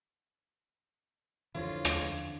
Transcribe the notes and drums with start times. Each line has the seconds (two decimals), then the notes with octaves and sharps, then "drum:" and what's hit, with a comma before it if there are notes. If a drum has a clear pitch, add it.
1.55 F2 D3 E3 F4 C5 C#5
1.85 drum: rim click